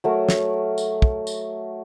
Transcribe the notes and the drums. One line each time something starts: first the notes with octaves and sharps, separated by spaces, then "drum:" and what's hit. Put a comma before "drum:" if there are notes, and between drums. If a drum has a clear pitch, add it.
F#3 A3 A#4
drum: snare
drum: tambourine
drum: kick
drum: tambourine